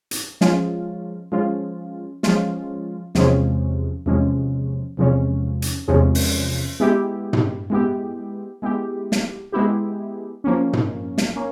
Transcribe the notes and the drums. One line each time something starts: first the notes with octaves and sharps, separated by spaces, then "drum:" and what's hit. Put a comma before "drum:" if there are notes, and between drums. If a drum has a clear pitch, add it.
drum: hi-hat
F3 G#3 C#4 F4, drum: snare
F3 G#3 C#4 F4
F3 G#3 C#4 F4, drum: snare
E2 C3 F3 G#3 C#4, drum: snare
E2 C3 F3 G#3 C#4
E2 C3 F3 G#3 C#4
drum: hi-hat
E2 C3 F3 G#3 C#4
drum: open hi-hat
G#3 B3 E4 G4
drum: tom
G#3 B3 E4 G4
G#3 B3 E4 G4
drum: snare
G#3 B3 E4 G4
F3 A#3 C#4
drum: tom
drum: snare
A#3 C#4